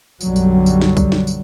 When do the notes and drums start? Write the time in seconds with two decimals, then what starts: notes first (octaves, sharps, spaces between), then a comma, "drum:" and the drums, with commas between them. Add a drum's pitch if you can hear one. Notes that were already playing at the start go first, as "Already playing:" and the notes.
0.21 B1 F#2 D3 F#3 G3, drum: tambourine
0.36 drum: tambourine
0.66 drum: tambourine
0.81 drum: snare
0.97 drum: kick C2, tambourine
1.12 drum: snare
1.27 drum: tambourine